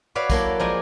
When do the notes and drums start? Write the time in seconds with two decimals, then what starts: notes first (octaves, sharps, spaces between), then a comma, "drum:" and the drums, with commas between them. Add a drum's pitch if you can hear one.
0.15 F#4 B4 C#5 D5 E5 F5
0.30 F#3 A#3 E4 A4, drum: kick, tambourine
0.60 F3 G#3 A#4 D5 G#5 A#5